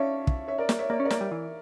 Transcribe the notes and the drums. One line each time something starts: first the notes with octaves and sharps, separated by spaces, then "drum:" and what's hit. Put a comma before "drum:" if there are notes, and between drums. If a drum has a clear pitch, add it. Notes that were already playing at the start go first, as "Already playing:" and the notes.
Already playing: C#4 C#5 D5 E5 F5 A5
drum: kick
C#5 E5
A#4 D5
drum: snare
C#5 E5
A#3 D5
C#4 C#5
A#4 D5
A#3, drum: snare
G3
E3